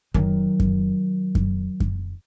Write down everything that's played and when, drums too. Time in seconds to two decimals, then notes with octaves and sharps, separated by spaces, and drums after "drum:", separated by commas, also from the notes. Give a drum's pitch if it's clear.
0.14 D#3 F#3, drum: kick F#2
0.60 drum: kick F#2
1.35 drum: kick F#2
1.80 drum: kick F#2